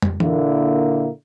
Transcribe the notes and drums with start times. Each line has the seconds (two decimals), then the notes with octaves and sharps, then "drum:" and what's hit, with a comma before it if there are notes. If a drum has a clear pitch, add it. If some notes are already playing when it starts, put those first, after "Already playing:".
0.02 drum: tom
0.20 A#2 D3 A#3 E4, drum: tom E3